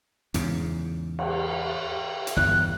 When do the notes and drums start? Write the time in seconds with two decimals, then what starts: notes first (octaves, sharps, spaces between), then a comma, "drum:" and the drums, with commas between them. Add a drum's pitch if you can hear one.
0.34 E2 G#2 C#3, drum: hi-hat
1.19 drum: cymbal
2.27 drum: hi-hat
2.36 G1 E2 G2 F#6